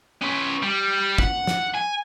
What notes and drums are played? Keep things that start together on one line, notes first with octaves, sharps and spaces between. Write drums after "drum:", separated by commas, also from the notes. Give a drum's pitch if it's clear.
C#4 B4
G3
F#5, drum: kick
drum: snare
G#5